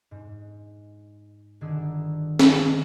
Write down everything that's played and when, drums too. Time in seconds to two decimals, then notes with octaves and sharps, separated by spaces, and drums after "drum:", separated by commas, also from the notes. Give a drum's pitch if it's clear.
0.11 G#2
1.61 G1 D3 D#3 D4 G#4 E6
2.40 drum: snare
2.67 D3 G#3 F6